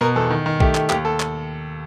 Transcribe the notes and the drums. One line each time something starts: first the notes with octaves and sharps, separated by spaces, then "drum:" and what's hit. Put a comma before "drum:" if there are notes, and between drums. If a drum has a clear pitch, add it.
B2 A#4
E2 A4
D#3
D#3
A3 G4, drum: kick
A3, drum: clap
D#2 G4, drum: clap
A4
drum: clap